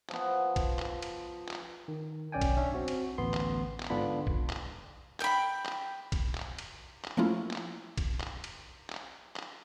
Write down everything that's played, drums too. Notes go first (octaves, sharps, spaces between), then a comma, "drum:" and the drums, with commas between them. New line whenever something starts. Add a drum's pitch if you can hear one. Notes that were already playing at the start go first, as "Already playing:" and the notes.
F3 B3, drum: clap
drum: kick, cymbal
drum: clap
drum: cymbal
drum: clap
D#3
B1 C#4 D5 G5 G#5
drum: kick, cymbal
C#4 D4 E5
C4 F#4
drum: cymbal
A1 D2 B3 C6
drum: clap
drum: clap
G#2 D3 B3 D4 F4 B5
drum: kick
drum: clap
G5 B5, drum: clap
drum: clap
drum: kick, cymbal
drum: clap
drum: cymbal
drum: clap
F3 A3 A#3 C#4 E4 F4
drum: clap
drum: kick, cymbal
drum: clap
drum: cymbal
drum: clap
drum: clap